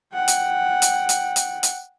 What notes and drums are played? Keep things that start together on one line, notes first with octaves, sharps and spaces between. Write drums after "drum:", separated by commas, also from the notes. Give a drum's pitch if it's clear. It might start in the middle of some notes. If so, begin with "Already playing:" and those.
F#5 G5
drum: hi-hat
drum: hi-hat
drum: hi-hat
drum: hi-hat
drum: hi-hat